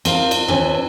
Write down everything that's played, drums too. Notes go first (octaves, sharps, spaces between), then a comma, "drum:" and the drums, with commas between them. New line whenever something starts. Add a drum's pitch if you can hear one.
C4 A#4 F5, drum: cymbal
drum: cymbal
D#2 C4 D4 B4 G#5